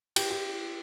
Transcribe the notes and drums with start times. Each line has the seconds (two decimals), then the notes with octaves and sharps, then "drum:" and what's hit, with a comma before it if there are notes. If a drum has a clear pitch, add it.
0.16 G4, drum: cymbal
0.30 G4